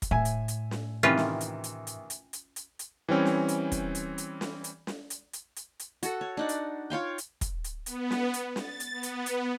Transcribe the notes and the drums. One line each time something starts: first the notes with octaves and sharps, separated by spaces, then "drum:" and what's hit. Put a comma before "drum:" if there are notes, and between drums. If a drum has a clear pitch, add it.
drum: kick, hi-hat
A2 E5 G#5
drum: hi-hat
drum: hi-hat
drum: snare
C3 D#3 E3 C#4 F4 B4
drum: snare
drum: hi-hat
drum: hi-hat
drum: hi-hat
drum: hi-hat
drum: hi-hat
drum: hi-hat
drum: hi-hat
E3 G3 C4 C#4
drum: snare
drum: hi-hat
drum: kick, hi-hat
drum: hi-hat
drum: hi-hat
drum: snare
drum: hi-hat
drum: snare
drum: hi-hat
drum: hi-hat
drum: hi-hat
drum: hi-hat
F#4 A4, drum: hi-hat
C#5
D4 D#4 F#5
drum: hi-hat
F4 C#5 F5 G5
drum: hi-hat
drum: kick, hi-hat
drum: hi-hat
B3, drum: hi-hat
drum: snare
drum: hi-hat
A6, drum: snare
drum: hi-hat
B3
drum: hi-hat
drum: hi-hat